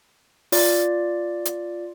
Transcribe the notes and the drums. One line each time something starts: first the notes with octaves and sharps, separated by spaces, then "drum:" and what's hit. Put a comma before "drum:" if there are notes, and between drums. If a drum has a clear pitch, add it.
F4 D5, drum: open hi-hat
drum: hi-hat